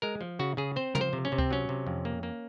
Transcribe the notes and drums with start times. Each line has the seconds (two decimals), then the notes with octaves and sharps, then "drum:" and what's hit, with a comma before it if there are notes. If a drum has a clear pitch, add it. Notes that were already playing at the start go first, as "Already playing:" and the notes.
0.02 G#3 A#4
0.21 F3
0.39 C#3 F#4
0.57 C#3 G#4
0.76 C4 C5
0.95 F3 A#4, drum: tom
1.01 C5
1.13 C3
1.25 C#4
1.32 C3
1.39 C4, drum: kick C#2
1.51 F#3 C#4
1.69 C3
1.87 F2
2.05 A#3
2.23 A#3